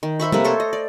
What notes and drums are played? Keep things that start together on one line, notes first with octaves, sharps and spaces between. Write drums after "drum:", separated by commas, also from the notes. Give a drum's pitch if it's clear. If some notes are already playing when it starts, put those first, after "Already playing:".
D#3
C5 E5 B5 C#6
C3 A3 A#3 B4, drum: tom
A4 C5 C#5
D#5
D5